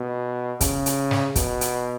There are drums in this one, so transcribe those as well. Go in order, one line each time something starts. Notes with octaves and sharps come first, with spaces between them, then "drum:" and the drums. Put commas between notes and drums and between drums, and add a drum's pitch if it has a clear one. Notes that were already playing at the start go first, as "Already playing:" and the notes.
Already playing: B2
C#3, drum: kick, hi-hat
drum: hi-hat
drum: snare
B2, drum: kick, hi-hat
drum: hi-hat